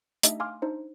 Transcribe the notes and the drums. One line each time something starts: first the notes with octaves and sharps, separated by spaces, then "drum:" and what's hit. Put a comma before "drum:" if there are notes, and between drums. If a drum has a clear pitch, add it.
A3 D4 D#4 G4 D#5 E5, drum: hi-hat
F5 G#5 C6 D6 F6
D4 D#4 C5